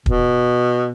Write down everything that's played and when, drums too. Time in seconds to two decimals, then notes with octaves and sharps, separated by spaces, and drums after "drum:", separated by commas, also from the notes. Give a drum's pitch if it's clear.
0.06 B2, drum: kick